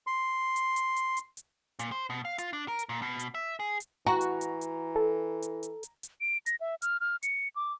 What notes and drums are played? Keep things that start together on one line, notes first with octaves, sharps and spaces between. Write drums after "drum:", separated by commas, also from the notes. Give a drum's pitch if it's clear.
C6
drum: hi-hat
drum: hi-hat
drum: hi-hat
drum: hi-hat
drum: hi-hat
A#2, drum: hi-hat
C5
B2
F5
F4, drum: hi-hat
D4
A#4
drum: hi-hat
A#2
B2
drum: hi-hat
E5
G#4
drum: hi-hat
E3 F#4 A#5
drum: hi-hat
drum: hi-hat
drum: hi-hat
A4
drum: hi-hat
drum: hi-hat
drum: hi-hat
drum: hi-hat
D7
A#6, drum: hi-hat
E5
F6, drum: hi-hat
F6
C#7, drum: hi-hat
D6